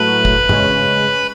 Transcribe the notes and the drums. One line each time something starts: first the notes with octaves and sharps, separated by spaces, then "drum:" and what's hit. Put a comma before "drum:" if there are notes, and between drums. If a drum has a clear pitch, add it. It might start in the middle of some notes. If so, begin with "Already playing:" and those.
Already playing: A2 F#3 A3 B4 B5
drum: kick
C#3 G#3 C#4, drum: tom G2